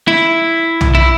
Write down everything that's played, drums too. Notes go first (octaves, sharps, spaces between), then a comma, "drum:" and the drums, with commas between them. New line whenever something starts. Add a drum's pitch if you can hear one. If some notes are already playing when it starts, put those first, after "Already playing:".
E4
drum: tom B1
E4